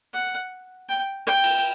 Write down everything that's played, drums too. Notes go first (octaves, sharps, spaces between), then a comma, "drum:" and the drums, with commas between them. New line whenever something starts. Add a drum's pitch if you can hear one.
F#5
G5
G5
drum: cymbal